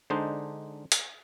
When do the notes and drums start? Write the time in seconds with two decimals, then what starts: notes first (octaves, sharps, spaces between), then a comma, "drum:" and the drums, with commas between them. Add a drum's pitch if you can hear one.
0.10 D3 G#3 D4 D#4 C5
0.92 drum: hi-hat